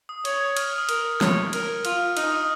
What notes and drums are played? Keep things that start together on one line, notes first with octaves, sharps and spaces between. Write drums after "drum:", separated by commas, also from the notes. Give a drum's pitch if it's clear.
D#6
C#5, drum: cymbal
F6, drum: cymbal
F6
D#6
A#4, drum: cymbal
C#5, drum: snare
A#4 F6, drum: cymbal
F4 F6, drum: cymbal
D#4 F6, drum: cymbal
D#6